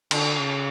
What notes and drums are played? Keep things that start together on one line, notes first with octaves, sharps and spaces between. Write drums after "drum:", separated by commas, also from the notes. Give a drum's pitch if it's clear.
D3, drum: cymbal
C#3